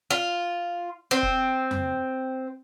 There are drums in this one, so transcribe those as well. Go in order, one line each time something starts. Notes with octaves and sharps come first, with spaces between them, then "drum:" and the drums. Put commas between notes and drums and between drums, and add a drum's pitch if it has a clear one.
F4
C4
drum: kick F1
drum: tom F2